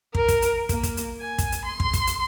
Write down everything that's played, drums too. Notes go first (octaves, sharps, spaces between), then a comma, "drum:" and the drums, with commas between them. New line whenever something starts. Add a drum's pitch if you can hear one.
A#4, drum: kick
drum: kick, hi-hat
drum: hi-hat
A#3, drum: kick, hi-hat
drum: kick, hi-hat
drum: hi-hat
G#5
drum: kick, hi-hat
drum: hi-hat
C6
drum: kick
drum: kick, hi-hat
drum: hi-hat